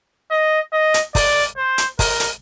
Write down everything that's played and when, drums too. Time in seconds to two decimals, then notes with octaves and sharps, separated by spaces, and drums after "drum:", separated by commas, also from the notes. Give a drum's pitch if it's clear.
0.31 D#5
0.73 D#5
0.94 drum: hi-hat
1.15 D5, drum: kick, open hi-hat
1.57 C5
1.78 drum: hi-hat
1.99 A#4, drum: kick, open hi-hat
2.20 drum: hi-hat